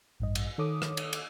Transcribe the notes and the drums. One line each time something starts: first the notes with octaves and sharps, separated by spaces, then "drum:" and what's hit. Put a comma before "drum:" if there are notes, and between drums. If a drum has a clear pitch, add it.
A1 G2 D#5
drum: cymbal
D#3 A4 C#5 D6 D#6
drum: rim click
drum: cymbal
drum: cymbal